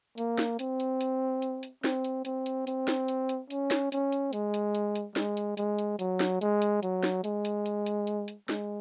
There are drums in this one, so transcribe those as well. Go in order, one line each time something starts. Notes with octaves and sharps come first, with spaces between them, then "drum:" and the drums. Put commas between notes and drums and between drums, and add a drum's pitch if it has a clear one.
A#3, drum: hi-hat
drum: snare
C4, drum: hi-hat
drum: hi-hat
drum: hi-hat
drum: hi-hat
drum: hi-hat
C4, drum: snare
drum: hi-hat
C4, drum: hi-hat
drum: hi-hat
C4, drum: hi-hat
drum: snare
drum: hi-hat
drum: hi-hat
C#4, drum: hi-hat
drum: snare
C#4, drum: hi-hat
drum: hi-hat
G#3, drum: hi-hat
drum: hi-hat
drum: hi-hat
drum: hi-hat
G#3, drum: snare
drum: hi-hat
G#3, drum: hi-hat
drum: hi-hat
F#3, drum: hi-hat
drum: snare
G#3, drum: hi-hat
drum: hi-hat
F#3, drum: hi-hat
drum: snare
G#3, drum: hi-hat
drum: hi-hat
drum: hi-hat
drum: hi-hat
drum: hi-hat
drum: hi-hat
G#3, drum: snare